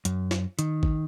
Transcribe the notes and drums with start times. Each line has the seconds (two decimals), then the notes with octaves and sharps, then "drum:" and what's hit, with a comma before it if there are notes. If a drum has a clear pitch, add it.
0.05 F#2, drum: hi-hat
0.31 drum: snare
0.59 D#3, drum: hi-hat
0.83 drum: kick A1